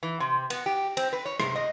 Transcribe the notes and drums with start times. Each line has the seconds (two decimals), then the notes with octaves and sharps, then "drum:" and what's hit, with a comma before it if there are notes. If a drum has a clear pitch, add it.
0.03 E3
0.20 C3
0.50 B3, drum: cymbal
0.66 G4
0.97 C4, drum: cymbal
1.13 B4
1.26 C#5
1.40 C3, drum: rim click
1.55 D#5